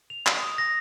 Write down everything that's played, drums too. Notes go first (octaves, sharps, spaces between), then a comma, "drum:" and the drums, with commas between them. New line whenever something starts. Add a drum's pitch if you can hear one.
F7
D#6, drum: clap
D#6
A#6